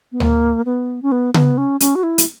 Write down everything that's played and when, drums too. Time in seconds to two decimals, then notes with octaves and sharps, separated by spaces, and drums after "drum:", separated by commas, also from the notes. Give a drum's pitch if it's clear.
0.12 B3
0.20 A#3, drum: tom D2
0.66 B3
1.02 C#4
1.12 B3
1.34 B3, drum: tom C#3
1.58 C#4
1.80 C#4, drum: hi-hat
1.95 F#4
2.03 E4
2.18 drum: hi-hat